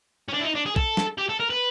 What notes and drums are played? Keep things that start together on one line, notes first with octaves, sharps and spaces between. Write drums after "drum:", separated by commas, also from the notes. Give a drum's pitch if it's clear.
C#4
D4
E4
D#4
D4
G#4
A4, drum: kick
drum: snare
G4
A4
A#4
B4